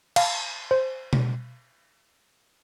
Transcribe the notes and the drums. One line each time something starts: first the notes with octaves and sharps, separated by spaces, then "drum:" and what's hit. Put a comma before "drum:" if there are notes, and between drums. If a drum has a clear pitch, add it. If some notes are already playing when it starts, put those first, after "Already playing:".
F5, drum: cymbal
C5
drum: tom B2